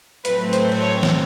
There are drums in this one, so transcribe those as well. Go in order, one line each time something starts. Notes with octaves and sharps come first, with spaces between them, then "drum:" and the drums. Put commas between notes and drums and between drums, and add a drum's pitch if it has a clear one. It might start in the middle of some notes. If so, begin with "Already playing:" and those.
A2 F#3 A3 C4 B4, drum: hi-hat
C5, drum: hi-hat
drum: cymbal
C#5
drum: snare